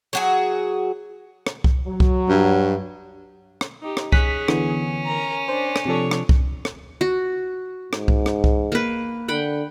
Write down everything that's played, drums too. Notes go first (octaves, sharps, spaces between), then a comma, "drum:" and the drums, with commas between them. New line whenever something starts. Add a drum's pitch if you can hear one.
F#3 F#4 G#4
drum: rim click
drum: kick C2
F#3
drum: kick C2
G2
drum: rim click
D#4 G4
drum: rim click
C#4 G#4 F#6 B6, drum: kick C2
D3 E3 B3, drum: rim click
A#4 A#5
D4 C5
drum: rim click
C3 F3 D4 A4 C#5
drum: rim click
drum: kick C2
drum: rim click
F#4
G#2, drum: rim click
drum: kick C2
drum: rim click
drum: kick C2
A#3 B4
D3 F#5 G5 B5